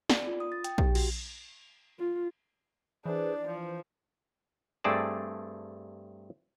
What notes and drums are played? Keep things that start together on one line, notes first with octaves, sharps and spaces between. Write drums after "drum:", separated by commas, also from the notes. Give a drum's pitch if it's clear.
D5, drum: snare
F4
D#6
A6
G5, drum: hi-hat
G4, drum: kick A#1
F#4, drum: cymbal
F4
E3 D4 G#4 B4 C5 D5
F3 C5
G2 A3 C4 G#4 D5 A5